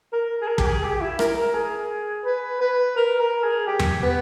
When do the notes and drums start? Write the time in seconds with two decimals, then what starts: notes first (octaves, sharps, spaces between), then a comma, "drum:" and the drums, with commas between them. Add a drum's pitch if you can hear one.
0.12 A#4
0.41 G#4
0.47 A#4
0.58 G4, drum: kick
0.66 G#4
0.83 G4
0.96 G4
1.01 E4
1.19 A#4, drum: rim click
1.36 A#4
1.54 G#4
2.25 B4
2.60 B4
2.96 A#4
3.20 A#4
3.43 G#4
3.67 G4
3.79 drum: tom E2
4.02 B3